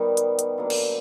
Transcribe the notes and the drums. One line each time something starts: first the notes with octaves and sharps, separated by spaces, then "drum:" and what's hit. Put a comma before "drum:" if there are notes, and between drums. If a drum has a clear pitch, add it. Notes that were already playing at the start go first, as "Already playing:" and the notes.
Already playing: D#3 G3 B3 D#4
drum: hi-hat
drum: hi-hat
D3 F#3 A#3
drum: cymbal